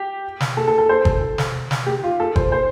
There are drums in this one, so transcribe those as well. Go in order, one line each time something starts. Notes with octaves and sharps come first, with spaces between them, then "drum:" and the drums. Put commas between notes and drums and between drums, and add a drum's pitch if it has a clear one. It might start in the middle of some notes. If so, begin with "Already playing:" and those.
Already playing: G4
drum: snare
A4
A4
A4
C5
A4, drum: kick G1
drum: snare
drum: snare
G4
F4
A4
C5, drum: kick G1
C5